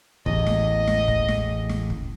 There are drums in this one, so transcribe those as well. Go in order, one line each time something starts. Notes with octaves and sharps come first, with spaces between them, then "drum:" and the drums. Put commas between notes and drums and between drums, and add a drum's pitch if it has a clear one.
A1 E2 D#5, drum: kick
drum: snare
drum: snare
drum: kick
drum: snare
drum: snare
drum: kick